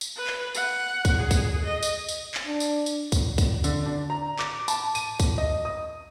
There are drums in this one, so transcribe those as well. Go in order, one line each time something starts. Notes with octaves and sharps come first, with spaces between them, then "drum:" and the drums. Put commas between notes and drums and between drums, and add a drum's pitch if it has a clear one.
drum: tambourine
B4
drum: clap
F#5, drum: tambourine
drum: kick, tambourine
G#4
drum: kick, tambourine
D#5
drum: tambourine
drum: tambourine
drum: clap
D4
drum: tambourine
drum: tambourine
drum: kick, tambourine
drum: kick, tambourine
D3, drum: tambourine
D4
A#5
D6, drum: clap
A5, drum: tambourine
D#7, drum: tambourine
drum: kick, tambourine
D#5
D#6